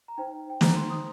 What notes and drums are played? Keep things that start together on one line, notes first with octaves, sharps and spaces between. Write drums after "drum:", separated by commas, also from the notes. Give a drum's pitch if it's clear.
A#5
D#4 C5 G5
G5
D#4 C5 A#5, drum: snare
C6
D#6